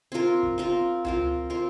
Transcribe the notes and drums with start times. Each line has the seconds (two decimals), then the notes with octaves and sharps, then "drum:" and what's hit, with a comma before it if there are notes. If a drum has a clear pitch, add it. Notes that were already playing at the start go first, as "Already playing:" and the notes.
0.12 C4 F4 A#4
0.43 drum: kick
0.58 C4 F4 A#4
1.05 C4 F4 A#4, drum: tom C#2
1.50 C4 F4 A#4